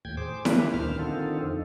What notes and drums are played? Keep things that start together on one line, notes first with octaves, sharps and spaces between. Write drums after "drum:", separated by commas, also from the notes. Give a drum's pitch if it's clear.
D#2 A2 G5 G#6
G#4 C5 D6
A#3 D4 E4 G4 B4, drum: snare E4
D2 A#2 D#3 C5 F6
D3 D#3 C4 D#4 F4 A4
F2